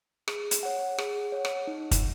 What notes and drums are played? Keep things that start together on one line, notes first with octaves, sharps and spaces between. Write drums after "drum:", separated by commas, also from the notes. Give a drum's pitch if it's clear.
G#4, drum: rim click
drum: hi-hat
C#5 F#5
G#4, drum: rim click
C#5 F#5
drum: rim click
D#4
drum: kick, hi-hat